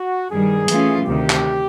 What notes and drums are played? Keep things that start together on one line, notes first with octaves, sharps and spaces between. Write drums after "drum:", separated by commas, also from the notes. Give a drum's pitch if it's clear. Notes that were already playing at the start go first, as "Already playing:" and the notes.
Already playing: F#4
G2 D#3 G3 G#4
E3 A3 C#4 F4, drum: hi-hat
D2 C3 D#3 G4
drum: clap